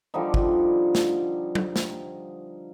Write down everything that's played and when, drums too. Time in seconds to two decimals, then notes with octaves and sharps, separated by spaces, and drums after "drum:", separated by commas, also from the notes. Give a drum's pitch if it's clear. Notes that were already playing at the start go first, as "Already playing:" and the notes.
0.14 D3 F3 G3 D#4
0.34 drum: kick
0.95 drum: snare
1.55 drum: tom F#3
1.76 drum: snare